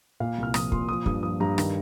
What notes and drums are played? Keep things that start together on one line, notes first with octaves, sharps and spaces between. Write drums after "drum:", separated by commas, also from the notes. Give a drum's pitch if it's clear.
A#2 F5
C2 F6
F3 D#6, drum: rim click
A#2 C6, drum: kick
F3 D#6
G2 D#6, drum: kick
F3 D#6
G2 A#5
D#3, drum: rim click